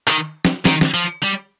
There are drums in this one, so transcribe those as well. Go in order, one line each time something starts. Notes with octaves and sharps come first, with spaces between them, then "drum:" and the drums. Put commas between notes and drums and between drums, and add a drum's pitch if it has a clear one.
D#3, drum: clap
drum: snare
D#3, drum: snare
drum: snare
F3
G3